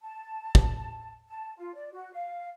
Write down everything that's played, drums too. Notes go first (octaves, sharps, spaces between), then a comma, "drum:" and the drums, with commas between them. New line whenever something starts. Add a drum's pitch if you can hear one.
A5
drum: kick
A5
F4
D5
F#4
F5